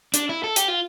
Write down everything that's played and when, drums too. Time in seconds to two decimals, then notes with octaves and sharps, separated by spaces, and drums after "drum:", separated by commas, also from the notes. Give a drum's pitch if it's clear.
0.14 D4, drum: hi-hat
0.29 E4
0.44 A4
0.56 G4, drum: hi-hat
0.68 F4